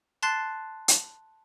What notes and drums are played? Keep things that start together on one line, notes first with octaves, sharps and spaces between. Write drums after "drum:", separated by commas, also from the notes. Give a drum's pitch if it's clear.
A5 C6 F#6 A6 C7
drum: hi-hat